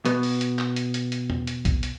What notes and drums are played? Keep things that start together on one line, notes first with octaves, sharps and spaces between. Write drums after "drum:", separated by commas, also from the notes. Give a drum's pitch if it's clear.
B2 B3, drum: hi-hat
drum: open hi-hat
drum: hi-hat
drum: clap
drum: hi-hat
drum: hi-hat
drum: hi-hat
drum: tom E2
drum: hi-hat
drum: kick, hi-hat
drum: hi-hat